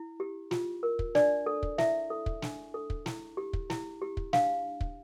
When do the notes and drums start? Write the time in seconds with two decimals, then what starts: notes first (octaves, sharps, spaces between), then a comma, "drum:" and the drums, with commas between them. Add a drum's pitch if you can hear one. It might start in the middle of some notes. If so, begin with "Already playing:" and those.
Already playing: E4
0.20 G4
0.51 F4, drum: snare
0.83 A#4
0.99 drum: kick
1.15 D4 D5, drum: snare
1.46 A4
1.63 drum: kick
1.78 E4 E5, drum: snare
2.10 A4
2.26 drum: kick
2.42 D4, drum: snare
2.74 A4
2.90 drum: kick
3.06 E4, drum: snare
3.37 G4
3.53 drum: kick
3.70 E4, drum: snare
4.02 G4
4.17 drum: kick
4.33 D4 F5, drum: snare
4.81 drum: kick